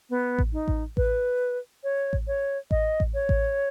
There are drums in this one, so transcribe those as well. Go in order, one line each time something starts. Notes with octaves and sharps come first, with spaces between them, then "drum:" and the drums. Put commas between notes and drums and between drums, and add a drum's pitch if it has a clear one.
B3
drum: kick A1
D#4
drum: kick A1
B4, drum: kick A1
C#5
drum: kick A1
C#5
D#5, drum: kick A1
drum: kick A1
C#5
drum: kick A1